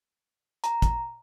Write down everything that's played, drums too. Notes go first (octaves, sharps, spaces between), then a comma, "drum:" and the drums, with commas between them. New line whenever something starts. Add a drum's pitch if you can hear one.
A#5, drum: hi-hat
drum: kick, hi-hat